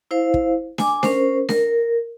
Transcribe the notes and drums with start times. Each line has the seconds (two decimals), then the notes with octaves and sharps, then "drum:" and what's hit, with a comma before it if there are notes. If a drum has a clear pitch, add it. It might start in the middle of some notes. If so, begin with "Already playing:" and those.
0.11 E4 C5 F5
0.34 drum: kick
0.78 G#5 D6, drum: snare D4
1.03 C#4 A#4 C5, drum: snare D4
1.49 A#4, drum: snare D4